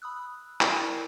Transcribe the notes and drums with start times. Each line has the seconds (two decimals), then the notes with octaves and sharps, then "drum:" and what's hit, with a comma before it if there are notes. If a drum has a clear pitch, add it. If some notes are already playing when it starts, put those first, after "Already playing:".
0.02 B5 D#6 E6 F#6
0.61 E4 A#4 D5 B5, drum: clap